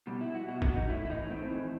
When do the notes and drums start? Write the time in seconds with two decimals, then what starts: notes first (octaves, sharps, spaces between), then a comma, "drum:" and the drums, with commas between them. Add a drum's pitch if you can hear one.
0.07 B2 G3
0.21 E4
0.35 F#4
0.48 B2 F#4
0.62 F#4, drum: kick G#1
0.76 D#4
0.89 A2 E4
1.05 E4
1.09 E3 D#4
1.30 A2 C4
1.51 E3